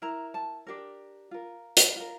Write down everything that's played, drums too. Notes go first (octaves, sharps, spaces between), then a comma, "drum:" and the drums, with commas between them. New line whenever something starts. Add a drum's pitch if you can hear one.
E4 A#4 A#5
A5
D4 G4 A#4
F4 A#4
drum: hi-hat
F4 A#4